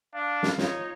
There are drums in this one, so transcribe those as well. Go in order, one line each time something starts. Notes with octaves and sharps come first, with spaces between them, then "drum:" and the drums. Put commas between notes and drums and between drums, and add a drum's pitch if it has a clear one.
D4 F5
drum: snare
D#4 F4 C#5, drum: snare